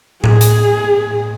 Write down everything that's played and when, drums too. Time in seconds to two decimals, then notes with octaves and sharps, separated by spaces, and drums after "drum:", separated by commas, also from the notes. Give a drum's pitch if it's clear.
0.24 G#4, drum: tom A2
0.41 drum: hi-hat